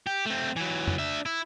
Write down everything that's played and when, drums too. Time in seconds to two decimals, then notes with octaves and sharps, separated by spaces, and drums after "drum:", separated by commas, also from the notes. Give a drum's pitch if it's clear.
0.07 G4
0.26 A3 C4
0.56 E3 F#3
0.87 drum: tom
0.99 D4 E5
1.26 E4